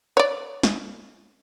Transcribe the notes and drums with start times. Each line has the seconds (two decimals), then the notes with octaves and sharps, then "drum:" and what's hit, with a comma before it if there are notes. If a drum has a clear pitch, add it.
0.17 C#5 D5
0.63 drum: snare